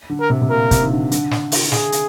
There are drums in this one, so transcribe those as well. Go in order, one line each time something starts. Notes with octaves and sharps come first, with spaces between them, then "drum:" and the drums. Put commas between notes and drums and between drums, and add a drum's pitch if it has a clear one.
D3
A#4
C3
C3
A#2 A#4
C3, drum: kick, hi-hat
D#3
D3
D3, drum: hi-hat
drum: snare
drum: open hi-hat
G#4, drum: snare
drum: hi-hat